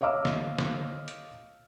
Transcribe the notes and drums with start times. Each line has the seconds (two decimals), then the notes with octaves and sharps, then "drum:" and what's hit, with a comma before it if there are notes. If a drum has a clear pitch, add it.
0.01 C#5 D#5 F5 D6 E6 F6
0.25 drum: snare
0.58 drum: snare
1.08 drum: hi-hat